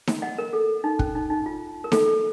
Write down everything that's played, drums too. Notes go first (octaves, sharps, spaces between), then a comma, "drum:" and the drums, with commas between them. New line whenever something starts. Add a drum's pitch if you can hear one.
drum: snare D#4
D#5 F#5
A#4
A4
D#4
C#4, drum: kick
D#4
D#4
F4
A#4
A4, drum: snare D#4
A4